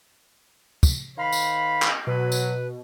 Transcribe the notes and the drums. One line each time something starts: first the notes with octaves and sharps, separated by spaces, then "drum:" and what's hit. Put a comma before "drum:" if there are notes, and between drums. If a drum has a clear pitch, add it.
drum: kick, tambourine
D#3 C5 F5 B5
drum: tambourine
drum: clap
B2 F#3 B4
drum: tambourine